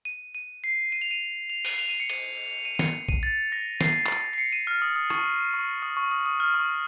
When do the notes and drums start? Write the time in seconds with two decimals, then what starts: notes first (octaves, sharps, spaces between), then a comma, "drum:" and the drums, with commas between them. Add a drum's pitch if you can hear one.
0.05 D#7
0.35 D#7
0.64 C7
0.92 D#7
1.02 F7
1.11 D#7
1.50 F7
1.65 D#7, drum: open hi-hat
1.79 F7
1.89 D#7
2.00 C#7
2.09 D#7, drum: cymbal
2.65 D#7
2.75 D#7
2.79 C#7, drum: snare
3.09 D#7, drum: kick
3.23 A6
3.52 A#6
3.81 C7, drum: snare
4.06 drum: clap
4.33 C7
4.38 C#7
4.52 D#7
4.67 F6
4.82 D#6
4.96 D#6
5.10 C#6, drum: rim click
5.54 C#6
5.82 D#6
5.97 C#6
6.11 D#6
6.26 D#6
6.40 F6
6.48 D#6
6.54 C#6
6.69 D#6